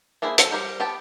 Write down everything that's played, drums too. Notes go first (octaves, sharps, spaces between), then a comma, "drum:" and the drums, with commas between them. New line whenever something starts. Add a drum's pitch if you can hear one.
A#3 D4 E4 G#4 C5
F3 F#4 A4 C5 G5, drum: hi-hat
G3 G4 A#4 C5
B3 G4 G5 A5